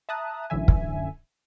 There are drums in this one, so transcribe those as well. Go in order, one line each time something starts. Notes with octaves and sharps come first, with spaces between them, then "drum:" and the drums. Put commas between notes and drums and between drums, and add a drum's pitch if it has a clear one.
E5 A5 A#5 D#6 F#6
A1 F#2 D3 E3 E5 G#5
drum: kick